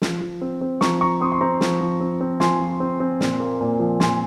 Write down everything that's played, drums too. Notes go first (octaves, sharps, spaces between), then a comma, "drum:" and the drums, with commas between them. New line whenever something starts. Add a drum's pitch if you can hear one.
F3, drum: snare
F3
C4
C4
F3 A#5 C#6, drum: snare
F3 A#5 C#6
C4 C6 D#6
C6
C4 A#5 C#6
F3, drum: snare
F3
C4
C4
F3 G#5 C6, drum: snare
F3
C4
C4
A#2, drum: snare
A#3
A#2
F3
A#2 G#5 C6, drum: snare